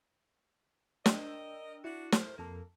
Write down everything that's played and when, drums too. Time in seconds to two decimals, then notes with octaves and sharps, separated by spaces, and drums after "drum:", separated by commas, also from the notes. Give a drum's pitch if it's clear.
1.06 D4 A#4 D#5 G5 E6, drum: snare
1.85 D4 E4 F#4
2.12 A2 A#4 C5, drum: snare
2.38 F2 C3 A#3 A4